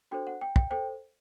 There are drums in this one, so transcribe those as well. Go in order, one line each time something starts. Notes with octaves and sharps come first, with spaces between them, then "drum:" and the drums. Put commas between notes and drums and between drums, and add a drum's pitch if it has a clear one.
D4 F#4 A4 C5 G5
F#5
G5
G5, drum: kick
A4 C5 G5